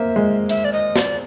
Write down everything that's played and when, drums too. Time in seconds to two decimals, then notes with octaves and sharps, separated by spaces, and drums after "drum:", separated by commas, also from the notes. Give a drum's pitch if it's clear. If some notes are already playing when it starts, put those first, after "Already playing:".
Already playing: A#3 C4 E5
0.16 G#3
0.49 E5, drum: hi-hat
0.65 D5
0.73 D#5
0.96 D5, drum: snare